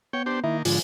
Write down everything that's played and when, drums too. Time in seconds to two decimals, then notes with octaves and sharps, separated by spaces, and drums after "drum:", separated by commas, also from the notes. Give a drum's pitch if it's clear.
0.13 B3 C#5 G5
0.26 D4 G4 C5
0.44 D#3 A#3 E4
0.65 G#2 D3 F3, drum: open hi-hat